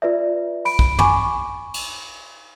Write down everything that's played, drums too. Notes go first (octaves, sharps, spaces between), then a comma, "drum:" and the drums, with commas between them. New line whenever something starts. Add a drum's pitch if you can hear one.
F4 B4 D5 E5
B5 D7, drum: open hi-hat
drum: kick
G#5 B5 C#6 D6, drum: tom
drum: cymbal